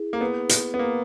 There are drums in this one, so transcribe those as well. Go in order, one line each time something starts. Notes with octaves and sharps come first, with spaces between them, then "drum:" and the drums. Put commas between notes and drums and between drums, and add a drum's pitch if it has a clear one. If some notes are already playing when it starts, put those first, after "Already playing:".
Already playing: E4 G#4
A#3
B3
drum: hi-hat
B3
A#3